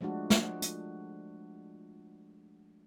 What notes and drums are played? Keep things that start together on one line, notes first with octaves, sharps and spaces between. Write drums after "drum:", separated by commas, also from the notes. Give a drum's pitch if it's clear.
F3 G#3 A3 D4 F#4
drum: snare
drum: hi-hat